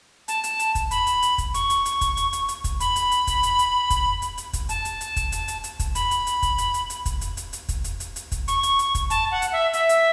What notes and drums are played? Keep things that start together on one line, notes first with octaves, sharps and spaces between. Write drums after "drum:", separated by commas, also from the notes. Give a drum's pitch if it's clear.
A5, drum: hi-hat
drum: hi-hat
drum: hi-hat
drum: kick, hi-hat
B5, drum: hi-hat
drum: hi-hat
drum: hi-hat
drum: kick, hi-hat
C#6, drum: hi-hat
drum: hi-hat
drum: hi-hat
drum: kick, hi-hat
drum: hi-hat
drum: hi-hat
drum: hi-hat
drum: kick, hi-hat
B5, drum: hi-hat
drum: hi-hat
drum: hi-hat
drum: kick, hi-hat
drum: hi-hat
drum: hi-hat
drum: kick, hi-hat
drum: hi-hat
drum: hi-hat
drum: kick, hi-hat
A5, drum: hi-hat
drum: hi-hat
drum: hi-hat
drum: kick, hi-hat
drum: hi-hat
drum: hi-hat
drum: hi-hat
drum: kick, hi-hat
B5, drum: hi-hat
drum: hi-hat
drum: hi-hat
drum: kick, hi-hat
drum: hi-hat
drum: hi-hat
drum: hi-hat
drum: kick, hi-hat
drum: hi-hat
drum: hi-hat
drum: hi-hat
drum: kick, hi-hat
drum: hi-hat
drum: hi-hat
drum: hi-hat
drum: kick, hi-hat
C#6, drum: hi-hat
drum: hi-hat
drum: hi-hat
drum: kick, hi-hat
A5, drum: hi-hat
F#5
drum: hi-hat
E5
E5, drum: hi-hat
drum: hi-hat